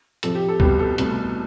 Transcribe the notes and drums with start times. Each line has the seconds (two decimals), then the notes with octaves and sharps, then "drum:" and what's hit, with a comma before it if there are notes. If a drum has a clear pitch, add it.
0.23 F2 C3 F3 A4, drum: hi-hat
0.35 G4
0.48 A4
0.60 C2 B2 B3 G4, drum: kick C#2
0.79 A4
0.98 C2 B2 A3, drum: hi-hat